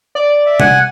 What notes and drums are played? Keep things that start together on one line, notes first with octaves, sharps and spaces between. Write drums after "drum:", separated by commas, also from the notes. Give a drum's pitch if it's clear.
D5
E5
F#5 G#5, drum: tom C3